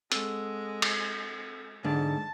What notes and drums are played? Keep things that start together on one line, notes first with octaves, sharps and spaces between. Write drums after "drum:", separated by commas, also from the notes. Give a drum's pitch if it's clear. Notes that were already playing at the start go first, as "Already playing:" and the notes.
G#3 C4 A4 E6, drum: hi-hat
drum: cymbal
G#2 D3 A5